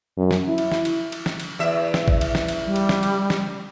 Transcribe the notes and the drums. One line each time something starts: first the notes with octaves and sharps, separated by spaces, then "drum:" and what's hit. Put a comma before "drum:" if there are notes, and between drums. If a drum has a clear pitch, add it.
F#2
drum: snare
E4
drum: cymbal
drum: snare
drum: cymbal
drum: cymbal
drum: snare
drum: cymbal
E2 E5
drum: snare
drum: kick
drum: cymbal
drum: snare
drum: cymbal
G3
drum: cymbal
drum: snare
drum: cymbal
drum: snare